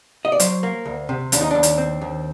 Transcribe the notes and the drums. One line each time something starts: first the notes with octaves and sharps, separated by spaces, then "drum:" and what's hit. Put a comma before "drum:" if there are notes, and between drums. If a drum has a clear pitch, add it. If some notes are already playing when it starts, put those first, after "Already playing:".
D#5
D5
F#3 C5, drum: hi-hat
A#3
D2
C3
D#2 D4, drum: hi-hat
D#4
D#2 D4
drum: hi-hat
C4
D#2